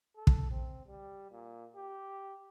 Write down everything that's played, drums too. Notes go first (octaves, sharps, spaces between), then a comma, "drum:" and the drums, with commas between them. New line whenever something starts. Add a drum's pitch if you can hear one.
A4
drum: kick
C4
G3
A#2
G4